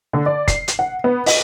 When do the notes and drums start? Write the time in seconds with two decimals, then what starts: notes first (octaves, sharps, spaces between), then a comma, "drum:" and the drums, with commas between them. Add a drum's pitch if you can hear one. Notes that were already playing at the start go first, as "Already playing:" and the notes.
0.13 D3
0.26 D5
0.48 C7, drum: kick, hi-hat
0.68 drum: hi-hat
0.79 F#5
1.04 B3
1.26 D#5, drum: open hi-hat